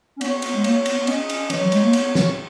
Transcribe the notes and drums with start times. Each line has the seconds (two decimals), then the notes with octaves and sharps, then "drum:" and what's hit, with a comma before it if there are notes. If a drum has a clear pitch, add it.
0.16 C#4
0.21 B3 C#5, drum: cymbal
0.42 B3, drum: cymbal
0.53 G#3
0.64 A#3 C#5, drum: cymbal
0.86 B3, drum: cymbal
0.98 B3
1.07 C#4 D#5, drum: cymbal
1.30 C#4, drum: cymbal
1.50 E3 C#5, drum: cymbal
1.61 F#3
1.72 G#3, drum: cymbal
1.83 A#3
1.93 B3, drum: cymbal
2.15 drum: snare